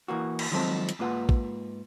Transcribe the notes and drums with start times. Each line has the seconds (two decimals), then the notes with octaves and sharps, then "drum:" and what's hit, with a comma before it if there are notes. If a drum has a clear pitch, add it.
0.08 E3 A#3 F#4
0.39 drum: cymbal
0.51 D#3 F3 F#3 G#3 C4 A4
0.89 drum: hi-hat
0.99 G#2 A#3 F4 B4 F#5
1.29 drum: kick